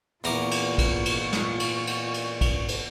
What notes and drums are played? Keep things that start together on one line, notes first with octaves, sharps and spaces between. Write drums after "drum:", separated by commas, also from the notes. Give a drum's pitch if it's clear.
E2 A#2 F4 A#5 C#6 D6, drum: cymbal
drum: cymbal
drum: kick, cymbal
drum: cymbal
drum: snare
drum: cymbal
drum: cymbal
drum: cymbal
drum: kick, cymbal
drum: cymbal